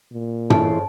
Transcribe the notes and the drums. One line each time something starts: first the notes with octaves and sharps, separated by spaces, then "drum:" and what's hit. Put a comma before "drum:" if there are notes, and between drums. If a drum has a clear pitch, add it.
A#2
F2 C#3 E3 E4 C5 A5, drum: tom